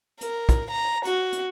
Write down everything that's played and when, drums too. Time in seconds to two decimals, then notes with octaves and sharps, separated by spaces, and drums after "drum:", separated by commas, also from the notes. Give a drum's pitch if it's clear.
0.21 A#4, drum: hi-hat
0.49 drum: kick, hi-hat
0.71 A#5
1.05 F#4, drum: hi-hat
1.32 drum: hi-hat